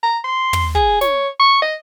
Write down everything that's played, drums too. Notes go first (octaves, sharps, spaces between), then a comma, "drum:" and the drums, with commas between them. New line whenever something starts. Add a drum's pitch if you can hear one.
A#5
C6
drum: tom
G#4, drum: kick
C#5, drum: snare
C#6
D#5